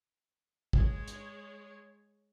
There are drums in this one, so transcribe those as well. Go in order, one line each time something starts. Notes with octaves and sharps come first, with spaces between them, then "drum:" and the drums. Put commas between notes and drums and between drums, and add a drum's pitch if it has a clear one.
G#3 C#5, drum: kick
drum: hi-hat